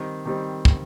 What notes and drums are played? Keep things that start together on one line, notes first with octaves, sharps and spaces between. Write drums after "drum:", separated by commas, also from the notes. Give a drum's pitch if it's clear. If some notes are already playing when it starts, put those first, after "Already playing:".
Already playing: D#3 G3 C4
D#3 G3 C4
drum: kick